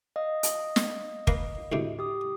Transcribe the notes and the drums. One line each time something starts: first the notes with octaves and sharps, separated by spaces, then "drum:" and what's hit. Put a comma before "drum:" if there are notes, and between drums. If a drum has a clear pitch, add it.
D#5 F5 D#6
drum: hi-hat
drum: snare
A#3 A#4 B4, drum: kick
D2 A2 C3
G4 D#6